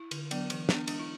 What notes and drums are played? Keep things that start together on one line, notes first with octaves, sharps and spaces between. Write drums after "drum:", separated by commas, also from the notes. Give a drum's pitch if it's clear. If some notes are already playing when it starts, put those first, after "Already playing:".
Already playing: E4
D3, drum: cymbal
F#3 B3 D4, drum: cymbal
E3, drum: cymbal
B3 D4, drum: snare
G#3 D4, drum: cymbal
E4